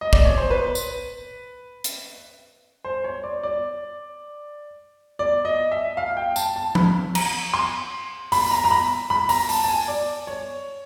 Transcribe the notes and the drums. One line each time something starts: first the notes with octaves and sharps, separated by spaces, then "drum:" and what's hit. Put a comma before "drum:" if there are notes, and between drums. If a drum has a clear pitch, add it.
D#5
D5, drum: kick
C#5
C5
B4
drum: tambourine
drum: hi-hat
C5
C#5
D5
D5
D5
D#5
E5
F5
G5
A5, drum: tambourine
A5
B5, drum: tom F3
A#5, drum: cymbal
C6
B5, drum: open hi-hat
A#5
A#5
B5
B5
A#5, drum: open hi-hat
A5, drum: open hi-hat
A5
G#5
D5
C#5